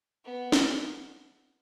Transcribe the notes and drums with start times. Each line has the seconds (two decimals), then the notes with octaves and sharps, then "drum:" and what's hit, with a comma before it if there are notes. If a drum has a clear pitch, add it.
0.25 B3
0.52 drum: snare